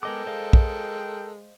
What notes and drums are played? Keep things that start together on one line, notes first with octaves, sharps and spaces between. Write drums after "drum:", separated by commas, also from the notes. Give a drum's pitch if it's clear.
G#3 B3 A4 A#4 D#5 G5 D6
G#3 C5 D#5 F5
drum: kick